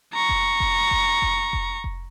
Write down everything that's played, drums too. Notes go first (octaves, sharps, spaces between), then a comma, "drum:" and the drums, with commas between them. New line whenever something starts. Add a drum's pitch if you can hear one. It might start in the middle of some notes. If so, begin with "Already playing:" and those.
A#5 C#6
drum: kick F1
drum: kick F1
drum: kick F1
drum: kick F1
drum: kick F1
drum: kick F1